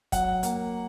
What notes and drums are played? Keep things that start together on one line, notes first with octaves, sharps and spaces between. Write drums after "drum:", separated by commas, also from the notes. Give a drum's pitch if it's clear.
F#3 F#5, drum: kick, hi-hat
A#3, drum: hi-hat